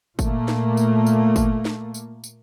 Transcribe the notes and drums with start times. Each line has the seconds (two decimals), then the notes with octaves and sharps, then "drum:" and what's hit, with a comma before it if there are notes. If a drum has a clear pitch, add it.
0.19 A#2 A3 A#3, drum: kick, tambourine
0.48 drum: snare
0.77 drum: tambourine
1.07 drum: tambourine
1.36 drum: kick, tambourine
1.65 drum: snare
1.94 drum: tambourine
2.24 drum: tambourine